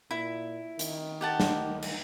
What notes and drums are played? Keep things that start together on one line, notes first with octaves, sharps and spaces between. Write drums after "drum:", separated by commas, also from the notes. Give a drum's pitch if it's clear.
A#2 E4
D#3, drum: hi-hat
G4 F#5 A5
drum: snare
drum: cymbal